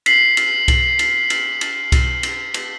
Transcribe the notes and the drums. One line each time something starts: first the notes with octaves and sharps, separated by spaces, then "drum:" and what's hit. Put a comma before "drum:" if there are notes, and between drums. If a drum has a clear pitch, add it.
B6 C7 F#7, drum: cymbal
drum: cymbal
drum: kick C2, cymbal
drum: cymbal
drum: cymbal
drum: cymbal
drum: kick C2, cymbal
drum: cymbal
drum: cymbal